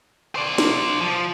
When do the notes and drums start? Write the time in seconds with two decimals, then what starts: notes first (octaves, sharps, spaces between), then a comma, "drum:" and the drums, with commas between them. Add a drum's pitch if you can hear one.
0.36 C5 D5
0.58 drum: snare
1.01 F3